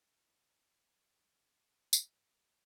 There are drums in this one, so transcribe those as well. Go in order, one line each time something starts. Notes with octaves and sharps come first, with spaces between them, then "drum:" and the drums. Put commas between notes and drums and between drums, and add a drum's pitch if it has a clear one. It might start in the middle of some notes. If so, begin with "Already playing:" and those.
E4 F4 C5
E3 F4
B4 D#5 E5 A#5
G3
A3 C#4 E4 G#4 B4, drum: tambourine
G4